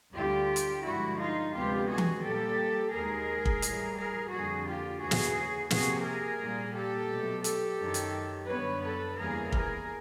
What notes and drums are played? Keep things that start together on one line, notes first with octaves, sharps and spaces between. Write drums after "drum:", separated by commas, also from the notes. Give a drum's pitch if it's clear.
D2 D3 G3 F4 G4
drum: hi-hat
G2 D3 F3 G#3 E4 F#4
D#4 F4
D2 C3 F3 G#3 B3 F4 G4
F#4 G#4
drum: tom E3
A#2 G3 A#3 G4 A4
D#2 D#3 G#3 G#4 A#4
drum: kick
A2 E3 G3, drum: hi-hat
G#4 A#4
F2 D3 G3 A#3 F#4 G#4
F4 G4
D#2 C#3 E3 A3 F#4 G#4
drum: snare
C3 F3 A#3 F#4 G#4, drum: snare
G#4 A#4
A#2 G3 A#3
G4 A4
B2 F#3 A3
G4 A4, drum: hi-hat
F#2 D#3 F#3
drum: hi-hat
F#2 D3 G3 B3 B4 C#5
A4 B4
E2 C#3 E3 G3 A#3 G#4 A#4
G#4 A#4, drum: kick